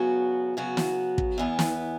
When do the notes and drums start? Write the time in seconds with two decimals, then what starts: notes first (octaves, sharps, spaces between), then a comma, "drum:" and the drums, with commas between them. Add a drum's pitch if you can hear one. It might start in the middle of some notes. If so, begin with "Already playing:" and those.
Already playing: E2 C#3 F#3 B3 F#4
0.57 C#3 F#3 B3 F#4
0.77 drum: snare
1.18 drum: kick
1.38 E2 E3 B3 E4
1.59 drum: snare